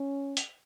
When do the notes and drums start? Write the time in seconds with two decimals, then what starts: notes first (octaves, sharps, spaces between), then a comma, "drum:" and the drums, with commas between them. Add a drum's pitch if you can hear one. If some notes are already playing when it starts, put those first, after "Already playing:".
Already playing: C#4
0.37 drum: hi-hat